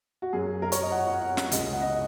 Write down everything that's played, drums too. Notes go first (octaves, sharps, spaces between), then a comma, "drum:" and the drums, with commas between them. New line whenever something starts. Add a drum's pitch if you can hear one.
F#4
F#2 F#3 G#4
A#4
C#5, drum: hi-hat
D#5
F#5
F#5
F#5
drum: snare
C#2 C#3 G#3 D#5, drum: hi-hat
F#5
D#5